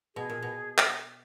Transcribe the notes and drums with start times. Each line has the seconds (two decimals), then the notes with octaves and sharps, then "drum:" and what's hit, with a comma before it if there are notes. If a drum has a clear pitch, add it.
0.15 B2 G#4
0.30 A#2
0.43 B2
0.78 drum: clap